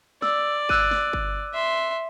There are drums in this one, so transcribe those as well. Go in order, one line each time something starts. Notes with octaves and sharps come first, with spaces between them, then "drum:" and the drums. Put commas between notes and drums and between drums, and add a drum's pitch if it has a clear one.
D5 E6, drum: snare
E6 F#6 D#7, drum: kick G1
drum: snare
drum: kick G1
E5 C6